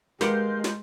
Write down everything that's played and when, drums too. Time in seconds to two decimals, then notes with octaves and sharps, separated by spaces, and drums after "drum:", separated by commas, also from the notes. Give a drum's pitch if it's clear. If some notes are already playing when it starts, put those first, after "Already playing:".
0.21 G#3 G4 A#4 B4 F5 F#5 C6 G6, drum: snare
0.64 drum: snare